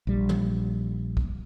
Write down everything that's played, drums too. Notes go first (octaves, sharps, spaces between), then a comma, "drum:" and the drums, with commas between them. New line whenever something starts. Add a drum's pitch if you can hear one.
A#1 G3
drum: tom
drum: kick